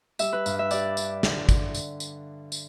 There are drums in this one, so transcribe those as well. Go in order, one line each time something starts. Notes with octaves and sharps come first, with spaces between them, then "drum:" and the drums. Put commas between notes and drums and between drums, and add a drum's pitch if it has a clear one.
G3 E5, drum: tambourine
B4
G2, drum: tambourine
E5
G4 D5, drum: tambourine
D4, drum: tambourine
D3, drum: snare
drum: kick, tambourine
drum: tambourine
drum: tambourine
drum: tambourine